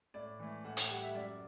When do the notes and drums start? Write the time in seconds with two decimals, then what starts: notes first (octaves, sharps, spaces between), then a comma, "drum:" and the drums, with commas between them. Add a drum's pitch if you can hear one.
0.14 A2 D5
0.39 E3 A3
0.64 A2 F#5
0.77 G5, drum: hi-hat
0.90 G3 F#5
1.03 E5
1.15 F#2 D5